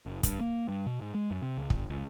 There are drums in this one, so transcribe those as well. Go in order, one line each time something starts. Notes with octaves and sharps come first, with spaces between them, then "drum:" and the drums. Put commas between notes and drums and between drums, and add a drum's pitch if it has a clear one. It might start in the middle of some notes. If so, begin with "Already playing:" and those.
F#1
G2, drum: kick, hi-hat
A#3
G2
B2
G#2
G#3
F#2
C3
C#2
G1, drum: kick
C#2